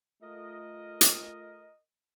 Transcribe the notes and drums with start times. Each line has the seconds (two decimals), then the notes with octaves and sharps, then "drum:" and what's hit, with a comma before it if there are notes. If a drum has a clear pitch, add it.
0.22 A3 F4 A#4 D#5
1.01 drum: hi-hat